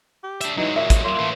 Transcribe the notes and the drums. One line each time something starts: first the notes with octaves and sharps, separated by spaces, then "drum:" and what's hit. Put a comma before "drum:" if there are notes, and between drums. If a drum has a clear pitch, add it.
G4
D4 E5, drum: hi-hat
E3 F#3 G#3 D#4
A#2 E5
drum: kick, hi-hat
A#3 F4
A2 E3